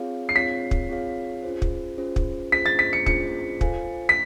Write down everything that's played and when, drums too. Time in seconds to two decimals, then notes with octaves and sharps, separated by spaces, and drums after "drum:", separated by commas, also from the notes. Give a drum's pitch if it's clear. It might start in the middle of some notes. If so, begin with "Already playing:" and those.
Already playing: C4 F4 G#4 C#5 F5
0.29 C7
0.35 C4 F4 G#4 C#5 F5 B6
0.71 drum: kick
0.89 C4 F4 G#4 C#5 F5
1.43 C#4 F4 G#4 C5
1.62 drum: kick
1.98 C#4 F4 G#4 C5
2.16 drum: kick
2.52 C#4 F4 G#4 C5 B6
2.66 A6
2.79 B6
2.93 C#7
3.06 C#4 F4 G#4 C5 C#7, drum: kick
3.61 F4 A4 C5 F5 G#5, drum: kick
4.09 B6